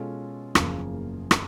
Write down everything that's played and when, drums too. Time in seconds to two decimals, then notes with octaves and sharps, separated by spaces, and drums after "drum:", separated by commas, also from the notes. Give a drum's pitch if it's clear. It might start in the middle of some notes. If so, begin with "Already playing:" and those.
Already playing: B2 G#3 C#4 F4 A4
0.55 F#1 E2 C#3 F3 A#3, drum: rim click
1.31 drum: rim click